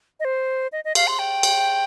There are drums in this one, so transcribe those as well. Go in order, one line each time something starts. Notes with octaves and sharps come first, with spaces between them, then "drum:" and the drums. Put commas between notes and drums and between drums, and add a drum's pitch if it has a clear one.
D#5
C5
D#5
D#5
F5, drum: cymbal
C6
G5
drum: cymbal